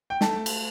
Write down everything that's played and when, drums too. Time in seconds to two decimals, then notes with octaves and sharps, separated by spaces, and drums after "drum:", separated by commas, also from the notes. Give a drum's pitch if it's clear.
0.10 G5
0.21 A3 A5, drum: snare
0.46 drum: cymbal